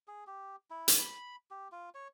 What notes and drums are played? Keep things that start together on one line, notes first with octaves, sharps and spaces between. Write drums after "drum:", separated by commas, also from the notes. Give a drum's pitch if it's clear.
G#4
G4
E4
drum: hi-hat
B5
G4
F4
C#5